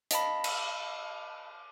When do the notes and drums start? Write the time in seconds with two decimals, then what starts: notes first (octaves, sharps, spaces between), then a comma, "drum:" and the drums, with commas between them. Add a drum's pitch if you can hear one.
0.11 D#5 F5 A5 B5, drum: hi-hat
0.44 drum: cymbal